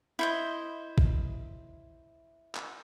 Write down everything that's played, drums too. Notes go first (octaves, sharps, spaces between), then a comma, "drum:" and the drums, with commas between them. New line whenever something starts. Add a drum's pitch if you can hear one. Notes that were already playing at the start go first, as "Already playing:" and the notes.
E4 C5 D#5
drum: kick
drum: clap